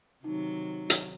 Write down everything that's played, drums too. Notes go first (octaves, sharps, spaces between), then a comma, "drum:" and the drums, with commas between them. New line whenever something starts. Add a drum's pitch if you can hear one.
C3 D#3 F#3 D#4
drum: hi-hat